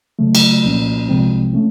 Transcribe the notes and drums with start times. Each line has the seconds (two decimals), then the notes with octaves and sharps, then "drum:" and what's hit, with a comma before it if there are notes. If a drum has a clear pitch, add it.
0.19 C#3 F#3 A3
0.35 drum: cymbal
0.64 C2 A#2 F3 A#3 C#4
1.09 C2 C3 F3 G#3 C4
1.53 A3 C#4